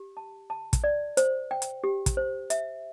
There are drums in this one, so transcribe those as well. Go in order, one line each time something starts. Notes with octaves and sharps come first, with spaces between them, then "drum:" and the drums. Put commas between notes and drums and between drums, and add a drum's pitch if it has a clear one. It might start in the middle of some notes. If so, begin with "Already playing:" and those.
Already playing: G4
A5
A5
drum: kick, hi-hat
D5
C5, drum: hi-hat
G5
drum: hi-hat
G4
drum: kick, hi-hat
C5
E5, drum: hi-hat